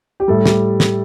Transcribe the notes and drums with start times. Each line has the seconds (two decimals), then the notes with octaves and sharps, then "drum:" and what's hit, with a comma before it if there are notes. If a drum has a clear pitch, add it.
0.20 G4
0.28 A2 G3 A4
0.46 G4, drum: snare
0.80 drum: snare